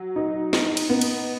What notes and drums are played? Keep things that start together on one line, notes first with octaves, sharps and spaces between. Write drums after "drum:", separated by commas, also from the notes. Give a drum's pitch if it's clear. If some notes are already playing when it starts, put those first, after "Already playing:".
Already playing: F#3
D#4
D#4, drum: snare
drum: cymbal
B3
drum: cymbal